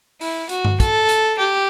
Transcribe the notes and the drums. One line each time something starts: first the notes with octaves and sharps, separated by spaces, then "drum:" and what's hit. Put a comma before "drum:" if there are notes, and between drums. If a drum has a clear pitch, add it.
E4, drum: open hi-hat
F#4, drum: hi-hat
drum: tom G2
A4, drum: kick, hi-hat
drum: hi-hat
G4